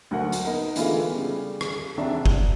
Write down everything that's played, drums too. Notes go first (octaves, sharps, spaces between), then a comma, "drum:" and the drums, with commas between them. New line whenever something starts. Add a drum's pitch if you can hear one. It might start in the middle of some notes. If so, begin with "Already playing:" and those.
D2 F#3 A#4 F#5
drum: hi-hat
B3 D#4 A#4
D3 E3 G#3 A3 B3 F4, drum: hi-hat
C#3 G3
drum: rim click
E1 C#2 C3 D4 E5
G7, drum: kick F#1